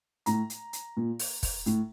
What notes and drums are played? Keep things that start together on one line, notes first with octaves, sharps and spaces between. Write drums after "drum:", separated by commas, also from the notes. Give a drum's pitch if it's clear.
A2 A#5, drum: hi-hat
drum: hi-hat
drum: hi-hat
A#2
drum: open hi-hat
drum: kick, open hi-hat
A2, drum: hi-hat